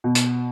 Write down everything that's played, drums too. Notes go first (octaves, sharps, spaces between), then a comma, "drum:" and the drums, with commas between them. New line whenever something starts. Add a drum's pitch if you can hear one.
B2
drum: hi-hat